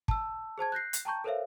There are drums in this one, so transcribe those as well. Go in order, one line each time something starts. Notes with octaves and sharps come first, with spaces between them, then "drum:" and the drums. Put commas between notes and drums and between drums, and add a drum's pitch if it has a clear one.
A5 E6, drum: kick
G#4 C5 A5 G#6
F#6 G6 A#6 C7
drum: hi-hat
G5 A5 A#5 C#6 G6
A4 A#4 C5 C#5 E5 F5